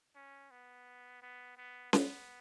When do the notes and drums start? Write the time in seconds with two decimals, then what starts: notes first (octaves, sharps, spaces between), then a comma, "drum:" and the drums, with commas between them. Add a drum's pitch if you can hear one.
0.16 C#4
0.51 B3
1.22 B3
1.57 B3
1.93 B3, drum: snare C#4